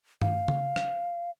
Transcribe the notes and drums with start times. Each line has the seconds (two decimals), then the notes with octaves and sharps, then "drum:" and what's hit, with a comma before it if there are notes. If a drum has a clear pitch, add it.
0.22 F5, drum: tom G2
0.48 drum: tom C#3
0.76 drum: rim click